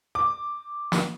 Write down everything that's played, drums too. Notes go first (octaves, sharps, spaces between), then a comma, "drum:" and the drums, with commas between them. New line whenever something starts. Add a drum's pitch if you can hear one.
D6
drum: snare